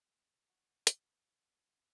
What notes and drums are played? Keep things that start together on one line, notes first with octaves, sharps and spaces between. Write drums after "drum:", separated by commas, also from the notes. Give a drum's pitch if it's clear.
F#4 F#5
drum: hi-hat